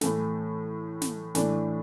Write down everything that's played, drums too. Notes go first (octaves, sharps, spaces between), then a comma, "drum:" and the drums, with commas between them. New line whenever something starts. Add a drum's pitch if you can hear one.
A2 E3 A3, drum: snare
drum: snare
A2 E3 A3 D4, drum: snare